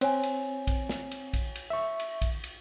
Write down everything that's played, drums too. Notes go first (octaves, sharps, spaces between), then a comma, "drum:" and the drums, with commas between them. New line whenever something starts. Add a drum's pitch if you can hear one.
C4 C#5 G#5, drum: cymbal
drum: cymbal
drum: kick A#1, cymbal
drum: snare
drum: cymbal
drum: kick A#1, cymbal
drum: cymbal
E5 C#6
drum: cymbal
drum: kick A#1, cymbal
drum: cymbal